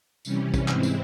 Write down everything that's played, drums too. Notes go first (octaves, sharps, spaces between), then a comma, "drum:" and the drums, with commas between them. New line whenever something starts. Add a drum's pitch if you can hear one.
C3 E3 G3 C#4, drum: tambourine
drum: kick, tambourine
G#2 E3 G#3 C4 E4, drum: clap
drum: tambourine